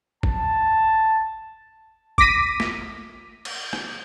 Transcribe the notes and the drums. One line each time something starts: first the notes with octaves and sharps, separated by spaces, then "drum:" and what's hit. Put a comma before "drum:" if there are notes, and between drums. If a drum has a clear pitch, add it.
A5, drum: kick
D6 A#6 B6 D#7, drum: kick
drum: snare
drum: cymbal
drum: rim click